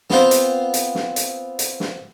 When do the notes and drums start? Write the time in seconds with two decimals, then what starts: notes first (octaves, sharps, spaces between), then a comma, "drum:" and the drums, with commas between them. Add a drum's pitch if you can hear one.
0.10 B3 C4 F4 C5, drum: snare
0.31 drum: hi-hat
0.74 drum: hi-hat
0.95 drum: snare
1.16 drum: hi-hat
1.59 drum: hi-hat
1.80 drum: snare